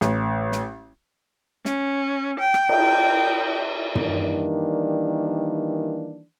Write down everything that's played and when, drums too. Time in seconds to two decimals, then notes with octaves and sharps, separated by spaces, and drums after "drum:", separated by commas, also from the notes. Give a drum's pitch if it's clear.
0.01 A1, drum: snare
0.52 drum: snare
1.65 C#4, drum: snare
2.40 G5
2.54 drum: rim click
2.69 drum: cymbal
3.95 D#3 E3 G3 A#3 D4, drum: tom